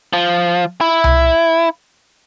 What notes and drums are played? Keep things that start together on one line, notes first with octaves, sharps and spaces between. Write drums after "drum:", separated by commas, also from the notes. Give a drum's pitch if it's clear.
F3
E4
drum: tom C2